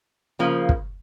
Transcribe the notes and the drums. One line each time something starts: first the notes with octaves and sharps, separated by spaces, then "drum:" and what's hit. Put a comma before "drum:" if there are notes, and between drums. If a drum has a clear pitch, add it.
C#3 F3 A#3
drum: kick